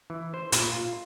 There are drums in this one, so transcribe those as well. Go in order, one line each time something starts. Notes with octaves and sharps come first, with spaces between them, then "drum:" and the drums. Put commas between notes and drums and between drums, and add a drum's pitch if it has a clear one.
E3
C5
A#2, drum: hi-hat
F4